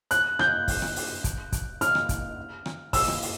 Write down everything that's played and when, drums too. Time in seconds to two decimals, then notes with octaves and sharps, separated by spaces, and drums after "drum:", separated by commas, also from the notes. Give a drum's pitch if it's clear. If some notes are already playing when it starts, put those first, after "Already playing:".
0.11 F#6, drum: hi-hat
0.39 G6, drum: rim click
0.68 drum: kick, open hi-hat
0.82 drum: rim click
0.96 drum: open hi-hat
1.24 drum: kick, hi-hat
1.53 drum: kick, hi-hat
1.81 F6, drum: hi-hat
1.95 drum: rim click
2.09 drum: kick, hi-hat
2.66 drum: rim click
2.93 E6, drum: kick, open hi-hat
3.08 drum: rim click
3.22 drum: open hi-hat